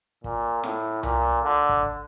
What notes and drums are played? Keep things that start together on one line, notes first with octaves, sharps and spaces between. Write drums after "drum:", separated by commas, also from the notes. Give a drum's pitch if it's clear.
A#2, drum: kick
A2, drum: snare
A#2, drum: tom C2
D3
drum: kick
drum: kick